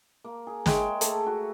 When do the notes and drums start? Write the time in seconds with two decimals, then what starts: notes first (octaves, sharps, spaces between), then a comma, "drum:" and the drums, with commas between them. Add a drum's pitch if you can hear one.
0.24 A#3
0.47 G#4
0.66 G#3 C#5 E5 G5, drum: snare
1.01 A3, drum: hi-hat
1.26 F#4